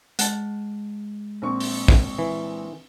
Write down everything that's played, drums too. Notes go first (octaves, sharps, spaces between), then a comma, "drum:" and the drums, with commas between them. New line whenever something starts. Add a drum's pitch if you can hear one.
G#3 F#5 A5, drum: hi-hat
A#1 C4 C#6
drum: open hi-hat
drum: kick
E3